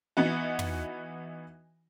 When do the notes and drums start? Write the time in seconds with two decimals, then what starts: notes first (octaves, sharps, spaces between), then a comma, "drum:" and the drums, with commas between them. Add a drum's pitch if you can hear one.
0.17 E3 B3 D#4 F#4
0.59 drum: tom